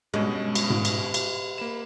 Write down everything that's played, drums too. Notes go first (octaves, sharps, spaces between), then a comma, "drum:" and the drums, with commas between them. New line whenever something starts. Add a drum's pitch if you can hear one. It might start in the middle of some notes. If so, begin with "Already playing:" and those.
G2 B2 G#3 C#4
drum: cymbal
drum: tom G#2
drum: cymbal
drum: cymbal
A#3 B5 E7